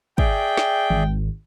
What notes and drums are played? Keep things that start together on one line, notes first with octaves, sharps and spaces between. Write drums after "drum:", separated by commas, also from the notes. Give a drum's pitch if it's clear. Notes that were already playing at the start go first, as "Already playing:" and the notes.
G#4 D5 E5 G5, drum: kick
drum: snare
G#1, drum: tom D#3